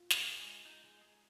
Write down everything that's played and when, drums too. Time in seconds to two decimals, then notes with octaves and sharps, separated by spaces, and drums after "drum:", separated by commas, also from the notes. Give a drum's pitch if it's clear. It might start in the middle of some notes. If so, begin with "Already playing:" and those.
Already playing: F4
0.11 G#3, drum: snare
0.28 G#4
0.47 G#3
0.65 D#4
0.84 G#3
1.01 G#4